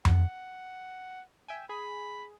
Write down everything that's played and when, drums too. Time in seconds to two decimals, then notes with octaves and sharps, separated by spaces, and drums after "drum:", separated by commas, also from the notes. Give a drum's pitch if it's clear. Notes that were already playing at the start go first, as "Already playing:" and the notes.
0.05 F#5, drum: tom F2
1.48 E5 G5 G#5
1.69 G#4 B5